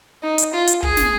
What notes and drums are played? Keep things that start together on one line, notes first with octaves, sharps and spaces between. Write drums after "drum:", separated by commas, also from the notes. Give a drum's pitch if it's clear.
D#4
drum: hi-hat
F4
drum: hi-hat
G#4, drum: kick
drum: snare